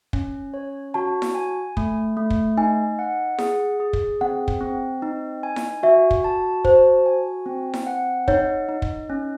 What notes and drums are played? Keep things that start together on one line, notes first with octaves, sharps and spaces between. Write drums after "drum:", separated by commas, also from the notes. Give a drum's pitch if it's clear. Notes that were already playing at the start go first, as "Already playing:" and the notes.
C#4, drum: kick
C#5
F#4 A5
drum: snare E4
G#5
A3, drum: kick
A3
drum: kick
D#4 G#5
F#5
G#4, drum: snare E4
G#4
drum: kick
C4 F#5
drum: kick
C4
D#4
G#5
drum: snare E4
F#4 E5
drum: kick
A5
F#4 C5, drum: kick
G#5
C4
drum: snare E4
F#5
D#4 C#5, drum: kick
D#4
drum: kick
C#4